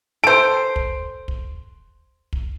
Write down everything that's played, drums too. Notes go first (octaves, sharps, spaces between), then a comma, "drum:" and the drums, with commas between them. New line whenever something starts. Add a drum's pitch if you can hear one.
A4 C5 D7
drum: kick
drum: kick
drum: kick